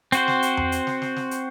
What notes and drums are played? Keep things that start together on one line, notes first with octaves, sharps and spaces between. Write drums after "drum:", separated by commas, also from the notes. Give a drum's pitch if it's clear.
C4 F#4 C5, drum: hi-hat
drum: snare
drum: hi-hat
drum: tom E2
drum: hi-hat
drum: snare
drum: snare
drum: snare
drum: hi-hat